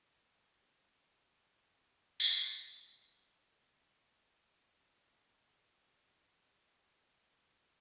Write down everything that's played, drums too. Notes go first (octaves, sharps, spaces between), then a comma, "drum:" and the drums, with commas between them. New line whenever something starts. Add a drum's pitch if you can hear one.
E3 G#3
C5
F#3 G#4
B2 F#5 G5
F#3 D4 E4
drum: tambourine
F#4 A4 C5 C#5
A3
B4
A3
C#4
G#3
D4
F3 C4
G3 C#4 F#4 A4
D#4 F4 F5
F#3 B3
F3 B3 F4